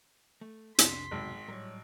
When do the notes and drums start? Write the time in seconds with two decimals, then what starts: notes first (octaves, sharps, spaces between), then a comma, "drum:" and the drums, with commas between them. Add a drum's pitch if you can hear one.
0.41 A3
0.78 B1 F2 C3 D4 C6 B6, drum: hi-hat
1.11 G#1 B2 F#3
1.48 A2 F#3 G3 A#4 C#5